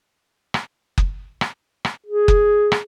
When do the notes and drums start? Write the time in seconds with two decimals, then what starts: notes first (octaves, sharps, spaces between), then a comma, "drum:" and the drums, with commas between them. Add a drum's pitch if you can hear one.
0.54 drum: rim click
0.98 drum: kick F#1
1.41 drum: rim click
1.85 drum: rim click
2.06 G#4
2.28 drum: kick F#1
2.72 drum: rim click